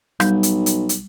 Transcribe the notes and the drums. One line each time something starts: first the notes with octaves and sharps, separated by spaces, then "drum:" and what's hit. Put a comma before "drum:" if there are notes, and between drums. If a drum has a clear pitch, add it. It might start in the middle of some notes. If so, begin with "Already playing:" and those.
B1 G3, drum: rim click
drum: hi-hat
drum: hi-hat
drum: hi-hat